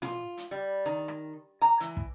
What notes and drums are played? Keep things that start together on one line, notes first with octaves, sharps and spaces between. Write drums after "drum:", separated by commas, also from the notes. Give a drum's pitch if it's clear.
F4, drum: tom
drum: hi-hat
G3
D#3
drum: rim click
A#5
E3, drum: hi-hat
drum: kick